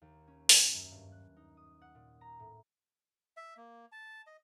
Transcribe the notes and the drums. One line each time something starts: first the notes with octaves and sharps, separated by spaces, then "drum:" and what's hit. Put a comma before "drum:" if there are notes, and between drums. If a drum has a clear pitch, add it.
D#2
C#4
G#5, drum: open hi-hat
F#2
G2
F#6
D#4
D#6
F#5
A#2
A#5
A2
E5
A#3
A5
D#5